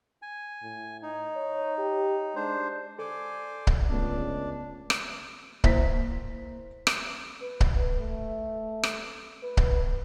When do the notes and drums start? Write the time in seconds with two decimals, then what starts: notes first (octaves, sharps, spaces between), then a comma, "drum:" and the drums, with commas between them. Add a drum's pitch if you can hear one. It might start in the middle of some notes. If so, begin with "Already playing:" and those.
0.22 G#5
0.63 A2
1.03 D#4
1.36 C#5
1.78 G4
2.36 G#3 D4 C5
2.99 A4 C5 D5 G#5 D6
3.67 drum: kick C#1
3.90 C#2 A3 B3 D4
4.90 drum: rim click
5.64 A#3 E4 C5 E5 B6, drum: kick C#1
6.87 drum: rim click
7.42 B4
7.60 drum: kick C#1
8.00 A3
8.83 drum: rim click
9.43 B4
9.57 drum: kick C#1